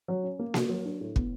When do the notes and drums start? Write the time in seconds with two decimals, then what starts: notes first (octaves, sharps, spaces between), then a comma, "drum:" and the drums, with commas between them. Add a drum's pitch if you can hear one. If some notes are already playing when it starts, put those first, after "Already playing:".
0.08 F#3
0.24 C#4
0.39 A#3
0.54 F#4, drum: snare A#3
0.69 F#3
0.85 D4
1.01 A2
1.16 B3, drum: kick